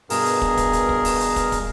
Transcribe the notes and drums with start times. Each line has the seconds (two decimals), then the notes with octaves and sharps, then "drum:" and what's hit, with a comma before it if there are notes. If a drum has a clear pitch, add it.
0.10 G2 B2 G#4 A#4, drum: open hi-hat
0.26 drum: hi-hat
0.42 drum: kick
0.57 drum: kick, hi-hat
0.73 drum: hi-hat
0.89 drum: kick
1.05 drum: open hi-hat
1.20 drum: hi-hat
1.36 drum: kick, hi-hat
1.52 drum: kick, hi-hat